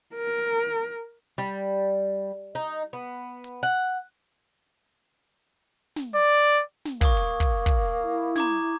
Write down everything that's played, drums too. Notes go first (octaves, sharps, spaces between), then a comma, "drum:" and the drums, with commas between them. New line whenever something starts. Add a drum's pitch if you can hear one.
A#4
G3
D#4
B3
drum: hi-hat
F#5
drum: snare
D5
drum: snare
A#3 C#6 D#6 G#6, drum: kick
drum: open hi-hat
drum: kick
drum: kick
E4
A#5 D6 G#6, drum: snare